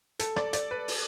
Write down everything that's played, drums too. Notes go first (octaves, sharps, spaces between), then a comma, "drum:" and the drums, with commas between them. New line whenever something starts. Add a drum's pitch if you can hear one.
A4, drum: hi-hat
D5, drum: rim click
D5, drum: hi-hat
B4
drum: open hi-hat